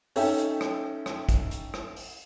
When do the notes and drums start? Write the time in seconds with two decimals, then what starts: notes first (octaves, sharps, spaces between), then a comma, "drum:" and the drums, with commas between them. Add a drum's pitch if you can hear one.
0.16 C#4 D#4 A4 C#5 E5 G5, drum: open hi-hat
0.38 drum: hi-hat
0.61 drum: rim click
1.06 drum: rim click
1.29 drum: kick, hi-hat
1.51 drum: hi-hat
1.74 drum: rim click
1.96 drum: open hi-hat